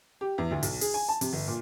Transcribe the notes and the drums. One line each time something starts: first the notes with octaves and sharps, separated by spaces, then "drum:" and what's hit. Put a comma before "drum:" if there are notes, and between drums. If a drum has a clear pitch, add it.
G4
E2
D2
B1, drum: open hi-hat
G#4, drum: open hi-hat
G#5
A5
C3, drum: open hi-hat
G1
A#2